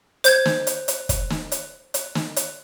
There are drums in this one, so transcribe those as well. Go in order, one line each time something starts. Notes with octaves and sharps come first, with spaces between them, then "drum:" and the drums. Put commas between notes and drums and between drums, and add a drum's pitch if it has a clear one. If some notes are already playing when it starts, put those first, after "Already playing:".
C5 G6 G#6, drum: hi-hat
drum: snare
drum: hi-hat
drum: hi-hat
drum: kick, hi-hat
drum: snare
drum: hi-hat
drum: hi-hat
drum: snare
drum: hi-hat